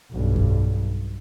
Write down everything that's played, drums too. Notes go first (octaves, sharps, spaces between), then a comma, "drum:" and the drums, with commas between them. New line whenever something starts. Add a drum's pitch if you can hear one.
B1 G2
drum: kick F2